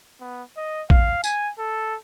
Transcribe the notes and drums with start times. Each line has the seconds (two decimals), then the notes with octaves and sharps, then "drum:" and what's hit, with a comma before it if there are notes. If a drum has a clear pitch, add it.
0.21 B3
0.57 D#5
0.90 F5, drum: kick A1
1.24 G#5, drum: tambourine
1.59 A4